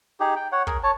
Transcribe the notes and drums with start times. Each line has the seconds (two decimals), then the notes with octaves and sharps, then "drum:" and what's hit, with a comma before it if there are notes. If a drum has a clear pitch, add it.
0.20 D#4 G4 G#4
0.36 G5
0.52 C#5 F#5
0.67 G#4 A#4, drum: kick
0.83 C#5 A5